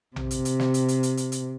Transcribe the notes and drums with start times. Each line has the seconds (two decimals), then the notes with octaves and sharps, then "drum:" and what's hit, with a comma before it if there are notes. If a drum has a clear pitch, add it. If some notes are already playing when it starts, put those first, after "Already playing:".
0.16 C3, drum: tom A#1
0.31 drum: hi-hat
0.45 drum: hi-hat
0.60 drum: snare
0.74 drum: hi-hat
0.88 drum: hi-hat
1.03 drum: hi-hat
1.17 drum: hi-hat
1.32 drum: hi-hat